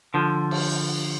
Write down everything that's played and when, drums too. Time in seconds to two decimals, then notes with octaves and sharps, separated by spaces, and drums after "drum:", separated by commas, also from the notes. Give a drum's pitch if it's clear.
0.14 D3 F3
0.51 drum: cymbal